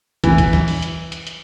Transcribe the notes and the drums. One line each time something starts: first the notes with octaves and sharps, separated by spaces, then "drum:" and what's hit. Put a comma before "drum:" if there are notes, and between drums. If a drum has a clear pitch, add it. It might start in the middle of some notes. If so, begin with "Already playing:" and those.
E3, drum: kick, hi-hat
drum: kick, hi-hat
drum: snare
drum: open hi-hat
drum: hi-hat
drum: hi-hat
drum: hi-hat